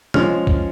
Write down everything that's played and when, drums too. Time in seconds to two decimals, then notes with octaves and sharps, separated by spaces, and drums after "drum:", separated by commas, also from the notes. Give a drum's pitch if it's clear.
0.14 F3 G#3 C#4 F6, drum: tom
0.47 drum: kick